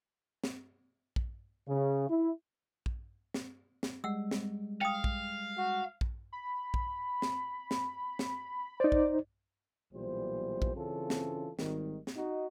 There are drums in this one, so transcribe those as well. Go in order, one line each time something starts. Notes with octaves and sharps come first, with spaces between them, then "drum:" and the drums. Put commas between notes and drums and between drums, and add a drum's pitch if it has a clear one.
drum: snare
drum: kick A#1
C#3
E4
drum: kick A#1
drum: snare
drum: snare
G3 G#3 F#5 E6
drum: snare
F5 G5 D#6
drum: kick A#1
F#4
drum: kick A#1
B5
drum: kick A#1
drum: snare
drum: snare
drum: snare
D#4 C5 D5
drum: kick A#1
B1 A#2 E3 G3 C5
drum: kick A#1
C#3 E3 C4 C#4 F4 A4
drum: snare
G#1 D#3 G3, drum: snare
drum: snare
D#4 F#4